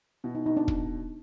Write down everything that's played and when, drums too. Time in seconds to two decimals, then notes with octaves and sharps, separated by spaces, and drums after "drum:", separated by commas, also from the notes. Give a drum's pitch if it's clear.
0.24 B2 E4
0.35 D#4
0.46 B2 D#4
0.57 D4
0.68 drum: kick